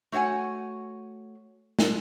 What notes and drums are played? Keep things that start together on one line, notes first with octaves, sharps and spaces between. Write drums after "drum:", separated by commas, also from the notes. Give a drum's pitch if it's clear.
A3 F#4 C#5 F#5 G#5
drum: snare